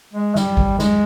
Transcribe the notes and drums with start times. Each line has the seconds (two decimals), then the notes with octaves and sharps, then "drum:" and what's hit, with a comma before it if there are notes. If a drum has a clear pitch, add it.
0.13 G#3
0.35 G3, drum: snare
0.57 drum: kick G#1
0.79 G#3, drum: snare